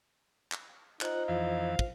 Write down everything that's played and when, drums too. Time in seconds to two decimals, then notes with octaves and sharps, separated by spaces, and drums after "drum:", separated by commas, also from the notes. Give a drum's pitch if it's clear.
0.52 drum: clap
1.01 D#4 F4 C5 F#5, drum: clap
1.28 F2 E3 F5
1.79 drum: kick